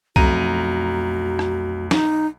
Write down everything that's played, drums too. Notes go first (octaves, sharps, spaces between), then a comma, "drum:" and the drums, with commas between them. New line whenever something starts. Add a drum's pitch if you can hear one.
B1 F2 A3 F#4 A#5 D#7, drum: kick C2
drum: rim click
D#4, drum: snare